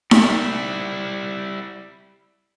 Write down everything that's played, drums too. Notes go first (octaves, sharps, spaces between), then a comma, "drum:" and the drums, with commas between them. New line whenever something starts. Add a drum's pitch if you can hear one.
G3 E4, drum: snare D#4